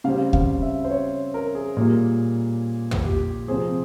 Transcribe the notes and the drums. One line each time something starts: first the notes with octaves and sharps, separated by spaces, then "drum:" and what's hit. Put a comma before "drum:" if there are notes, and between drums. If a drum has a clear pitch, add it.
C#3 G3 C4 F5
F5, drum: kick D2
E5
C5
C#5
A#4
G#4
A#2 G3 A#3
drum: tom
G4
C3 F3 C4 G#4